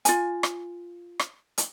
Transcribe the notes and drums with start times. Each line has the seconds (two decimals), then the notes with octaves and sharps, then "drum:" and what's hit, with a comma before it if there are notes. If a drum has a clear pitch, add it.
0.05 F4 G#5, drum: hi-hat
0.43 drum: rim click
1.19 drum: rim click
1.58 drum: hi-hat